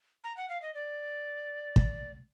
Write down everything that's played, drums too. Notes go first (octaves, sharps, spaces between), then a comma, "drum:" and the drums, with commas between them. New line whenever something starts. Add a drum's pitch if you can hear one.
A#5
F#5
F5
D#5
D5
drum: kick